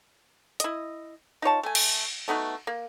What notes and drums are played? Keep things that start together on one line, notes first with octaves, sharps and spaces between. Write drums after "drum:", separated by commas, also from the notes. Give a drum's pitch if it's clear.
E4 D#5, drum: hi-hat
D#4 F4 C#5 A5
A3 G#5
drum: cymbal
A3 B3 D#4 F#4
A#3